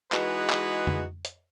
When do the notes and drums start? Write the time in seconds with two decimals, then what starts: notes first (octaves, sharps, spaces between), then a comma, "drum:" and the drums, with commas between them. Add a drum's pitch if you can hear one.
0.12 E3 G#3 D#4 F#4 G#4 B4, drum: clap
0.50 drum: clap
0.87 drum: tom
1.25 drum: hi-hat